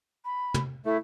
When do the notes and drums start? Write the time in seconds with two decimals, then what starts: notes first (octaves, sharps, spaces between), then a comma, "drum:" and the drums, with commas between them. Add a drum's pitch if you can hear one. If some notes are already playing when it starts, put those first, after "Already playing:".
0.25 B5
0.54 drum: tom
0.85 A3 E4